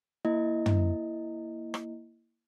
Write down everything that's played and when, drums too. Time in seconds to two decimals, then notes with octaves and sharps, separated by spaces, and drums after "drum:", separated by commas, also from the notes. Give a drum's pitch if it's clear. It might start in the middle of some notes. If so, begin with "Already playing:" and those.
0.25 A#3 E4 D#5
0.66 drum: tom
1.74 drum: rim click